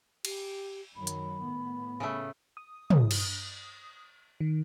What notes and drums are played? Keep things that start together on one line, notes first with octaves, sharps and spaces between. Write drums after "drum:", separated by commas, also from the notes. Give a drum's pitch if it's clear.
G4, drum: cymbal
F#2 D#3 F#3 B5
drum: hi-hat
A2 B3
C#3 A3
D#6
drum: tom
drum: cymbal
D#3